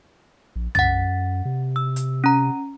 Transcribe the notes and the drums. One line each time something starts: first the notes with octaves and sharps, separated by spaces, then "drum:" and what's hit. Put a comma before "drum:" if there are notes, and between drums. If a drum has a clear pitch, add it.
A#1
F#2 F#5 A6, drum: tom
C3
E6
drum: hi-hat
C#4 A#5